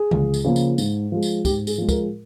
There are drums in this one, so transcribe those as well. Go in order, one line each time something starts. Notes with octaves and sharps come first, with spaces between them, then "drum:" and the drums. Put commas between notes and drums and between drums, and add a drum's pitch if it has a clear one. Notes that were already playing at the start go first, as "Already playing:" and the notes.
Already playing: G#4
C#2, drum: tom D3
drum: tambourine
C#3 F3 A#3
drum: tambourine
G#2, drum: tambourine
F3 G#3
drum: tambourine
G#2 G4, drum: kick, tambourine
G#4, drum: tambourine
F3 G#3
A#4, drum: kick, tambourine